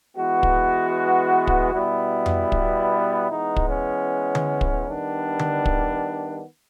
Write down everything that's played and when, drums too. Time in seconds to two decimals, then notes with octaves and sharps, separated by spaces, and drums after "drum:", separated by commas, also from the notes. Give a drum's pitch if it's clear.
0.17 E3 G#3 B3 F#4
0.43 drum: kick
1.47 drum: kick
1.73 B2 G3 B3 E4
2.26 drum: tom F2
2.52 drum: kick
3.30 E3 G#3 B3 D#4
3.56 drum: kick
3.69 C#4
4.35 drum: tom D3
4.61 drum: kick
4.87 D#3 G3 B3 D4
5.39 drum: tom D3
5.65 drum: kick